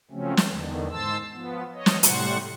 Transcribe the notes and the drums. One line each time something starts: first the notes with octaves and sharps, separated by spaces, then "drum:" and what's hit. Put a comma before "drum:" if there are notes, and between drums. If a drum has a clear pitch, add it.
C#3 F3 F#3 A3 C4 C#4
drum: snare
E2 D3 D#3
G#2 C5 A5 E6
F3 B3
C#5 D#5
drum: snare
A2 C3 G3 C5 F#5 C#6, drum: hi-hat